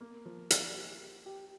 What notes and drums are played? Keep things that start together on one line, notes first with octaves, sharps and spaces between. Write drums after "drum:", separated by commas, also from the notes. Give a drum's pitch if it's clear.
A#3
F3
F3, drum: hi-hat
G4
G4
G4